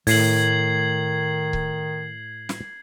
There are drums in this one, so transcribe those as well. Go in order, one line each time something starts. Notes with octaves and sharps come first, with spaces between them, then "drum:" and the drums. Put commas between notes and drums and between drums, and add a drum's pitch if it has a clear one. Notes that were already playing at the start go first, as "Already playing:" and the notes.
A2 D#3 G#6 C7 F#7, drum: open hi-hat
drum: kick C#1
drum: snare